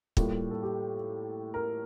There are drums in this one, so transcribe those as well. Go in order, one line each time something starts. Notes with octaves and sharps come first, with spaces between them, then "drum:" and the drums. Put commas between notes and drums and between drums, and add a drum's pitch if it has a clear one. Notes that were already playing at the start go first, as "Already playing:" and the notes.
A2 G3 A#3 F4, drum: kick
A4
G4
A#4